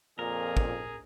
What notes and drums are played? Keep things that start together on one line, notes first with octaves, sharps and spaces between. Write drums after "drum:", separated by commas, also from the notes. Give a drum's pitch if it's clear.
F2 A#2 G#4 A#4
drum: kick